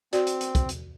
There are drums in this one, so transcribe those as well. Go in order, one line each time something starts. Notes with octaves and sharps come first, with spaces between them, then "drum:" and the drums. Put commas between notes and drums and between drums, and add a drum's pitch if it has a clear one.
C4 F#4 D5, drum: hi-hat
drum: hi-hat
drum: hi-hat
drum: kick, hi-hat
drum: hi-hat